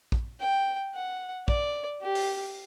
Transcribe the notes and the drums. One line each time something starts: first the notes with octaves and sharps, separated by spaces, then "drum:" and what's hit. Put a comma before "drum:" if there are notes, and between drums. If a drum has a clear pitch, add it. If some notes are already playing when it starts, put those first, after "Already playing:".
drum: kick
G5
F#5
D5, drum: kick
G4
drum: open hi-hat